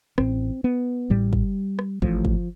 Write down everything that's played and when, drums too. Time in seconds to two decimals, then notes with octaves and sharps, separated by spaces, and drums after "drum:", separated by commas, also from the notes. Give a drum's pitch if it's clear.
0.18 A1 A2 C4, drum: rim click
0.64 B3
1.10 A1 A2 G3
1.33 drum: kick
1.79 drum: rim click
2.02 A1 A2 F3, drum: kick
2.25 drum: kick